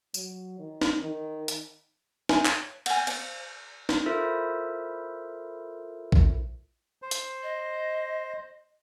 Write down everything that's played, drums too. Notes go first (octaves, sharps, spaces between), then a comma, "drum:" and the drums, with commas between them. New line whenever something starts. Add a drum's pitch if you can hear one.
F#3, drum: tambourine
D#3
drum: snare
D#3
drum: hi-hat
C#5 E5 G#5, drum: snare
C#5, drum: clap
F#5 G#5, drum: cymbal
C5 D5 F5, drum: cymbal
drum: snare
E4 F4 A4 A#4 C5 E5
drum: kick A#1
C5
drum: hi-hat
D#5